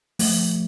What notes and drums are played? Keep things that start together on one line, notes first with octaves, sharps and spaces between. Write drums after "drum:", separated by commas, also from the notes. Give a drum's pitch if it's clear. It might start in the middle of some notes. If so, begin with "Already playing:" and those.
F3 A3, drum: open hi-hat